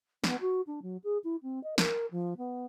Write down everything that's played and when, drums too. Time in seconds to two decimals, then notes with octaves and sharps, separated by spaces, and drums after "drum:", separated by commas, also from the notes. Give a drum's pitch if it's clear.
0.24 B3, drum: snare
0.41 F#4
0.67 D4
0.82 F#3
1.04 G#4
1.24 E4
1.43 C4
1.64 D#5
1.78 A#4, drum: snare
2.11 F3
2.37 B3